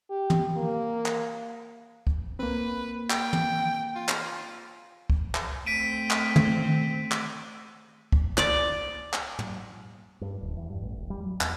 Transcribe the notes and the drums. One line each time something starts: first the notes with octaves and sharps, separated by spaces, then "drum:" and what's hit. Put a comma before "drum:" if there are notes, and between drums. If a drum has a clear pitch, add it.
G4
drum: tom
A#3
drum: clap
drum: kick
A#3 C4 B4
G5, drum: clap
drum: tom
F4
drum: clap
drum: kick
drum: clap
A3 C4 B6 D7 D#7
drum: clap
drum: tom D#3
drum: clap
drum: kick
D5, drum: clap
drum: clap
drum: tom
G2
D1
E2
G2
A1
E1
G3
F#3
E2, drum: clap